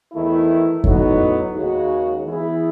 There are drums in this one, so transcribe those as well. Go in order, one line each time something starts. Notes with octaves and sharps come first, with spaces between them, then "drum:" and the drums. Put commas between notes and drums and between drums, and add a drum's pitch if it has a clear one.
E2 D#3 A3 E4
A2 F#3 B3 D#4 F#4, drum: kick F2
D#2 C#3 G#3 D#4 F#4
E3 B3 E4 G#4